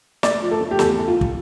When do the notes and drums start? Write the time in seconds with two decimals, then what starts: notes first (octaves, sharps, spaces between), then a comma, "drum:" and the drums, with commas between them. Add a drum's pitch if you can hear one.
0.23 A3 D5, drum: snare
0.42 F3
0.51 A4
0.61 A3
0.71 G4
0.79 E2 A4, drum: snare
0.98 E2
1.07 F4
1.21 drum: kick